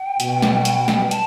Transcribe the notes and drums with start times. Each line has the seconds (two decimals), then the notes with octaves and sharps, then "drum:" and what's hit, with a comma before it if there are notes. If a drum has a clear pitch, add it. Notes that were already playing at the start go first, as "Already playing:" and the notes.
Already playing: G5
0.20 B2, drum: hi-hat
0.42 drum: snare
0.65 drum: hi-hat
0.88 drum: snare
1.11 A5, drum: hi-hat